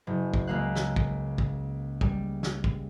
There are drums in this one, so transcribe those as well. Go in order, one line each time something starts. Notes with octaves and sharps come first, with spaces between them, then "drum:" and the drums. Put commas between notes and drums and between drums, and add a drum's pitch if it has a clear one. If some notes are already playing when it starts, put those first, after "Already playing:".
F#1
drum: kick
C#2 G#3 A#3 F5 F#6
drum: snare
drum: kick
drum: kick
G3, drum: kick
drum: snare
drum: kick